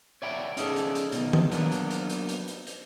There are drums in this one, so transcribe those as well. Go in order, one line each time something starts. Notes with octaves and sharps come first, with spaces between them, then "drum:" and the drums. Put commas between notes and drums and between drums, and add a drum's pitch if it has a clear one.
C#5 D5 E5 F#5 G5 B5
C#4 D#4 G#4 A4 D5, drum: hi-hat
drum: hi-hat
drum: hi-hat
B2 D#3, drum: hi-hat
drum: tom D#3
F#3 A#3 B3 D4, drum: hi-hat
drum: hi-hat
drum: hi-hat
drum: hi-hat
drum: hi-hat
drum: hi-hat
drum: hi-hat